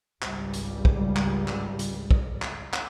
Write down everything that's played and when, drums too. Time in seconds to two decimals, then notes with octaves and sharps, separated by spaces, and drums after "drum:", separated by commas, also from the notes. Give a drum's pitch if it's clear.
0.22 G#1 C#2 G3, drum: clap
0.54 drum: hi-hat
0.85 drum: kick
1.16 drum: clap
1.48 drum: clap
1.79 drum: hi-hat
2.11 drum: kick
2.42 drum: clap
2.73 drum: clap